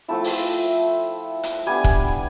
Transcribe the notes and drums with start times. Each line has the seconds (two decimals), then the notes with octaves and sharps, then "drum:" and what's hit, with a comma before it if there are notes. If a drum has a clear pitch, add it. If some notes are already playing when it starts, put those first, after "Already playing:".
0.08 F3 A3 C4 E4 A5
0.24 drum: open hi-hat
1.43 drum: hi-hat
1.66 G3 B3 D4 G#5
1.84 drum: kick